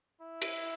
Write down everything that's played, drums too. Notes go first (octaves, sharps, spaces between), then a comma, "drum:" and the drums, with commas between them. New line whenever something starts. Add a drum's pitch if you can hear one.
E4
drum: cymbal